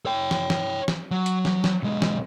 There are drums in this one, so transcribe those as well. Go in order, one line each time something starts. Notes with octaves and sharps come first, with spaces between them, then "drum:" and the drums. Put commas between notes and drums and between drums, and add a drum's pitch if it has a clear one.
C#5 G5
drum: snare
drum: snare
drum: snare
F#3
drum: hi-hat
drum: snare
drum: snare
B1 G#3
drum: snare